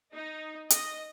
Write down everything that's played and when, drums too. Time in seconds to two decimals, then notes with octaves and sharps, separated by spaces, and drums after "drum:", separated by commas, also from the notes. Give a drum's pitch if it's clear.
0.15 D#4
0.70 D#5, drum: hi-hat